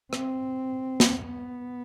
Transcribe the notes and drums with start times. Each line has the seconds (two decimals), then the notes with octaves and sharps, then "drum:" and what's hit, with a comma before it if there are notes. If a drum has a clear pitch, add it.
0.13 C4, drum: rim click
1.00 drum: snare
1.23 B3